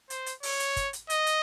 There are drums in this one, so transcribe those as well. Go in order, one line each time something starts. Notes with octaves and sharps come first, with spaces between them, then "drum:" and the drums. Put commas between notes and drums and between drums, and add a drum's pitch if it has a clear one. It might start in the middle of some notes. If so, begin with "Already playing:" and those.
C5, drum: hi-hat
drum: hi-hat
C#5, drum: open hi-hat
drum: hi-hat
drum: kick, hi-hat
drum: hi-hat
D#5, drum: hi-hat
drum: hi-hat